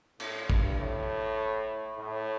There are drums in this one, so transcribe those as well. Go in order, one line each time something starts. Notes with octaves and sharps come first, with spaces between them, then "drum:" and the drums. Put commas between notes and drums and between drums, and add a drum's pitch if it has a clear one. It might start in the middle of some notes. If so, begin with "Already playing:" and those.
A2, drum: cymbal
G2, drum: kick
A2
A2